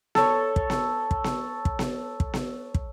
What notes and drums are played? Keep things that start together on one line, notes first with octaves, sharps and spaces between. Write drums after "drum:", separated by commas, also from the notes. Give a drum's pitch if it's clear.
A4 C#5, drum: snare B3
drum: kick
drum: snare B3
drum: kick
drum: snare B3
drum: kick
drum: snare B3
drum: kick
drum: snare B3
drum: kick